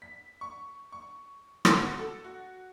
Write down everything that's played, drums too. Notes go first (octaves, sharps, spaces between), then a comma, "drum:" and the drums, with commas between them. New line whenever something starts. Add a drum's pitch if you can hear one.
B6
C#6
C#6
F#4, drum: rim click
A4
F#4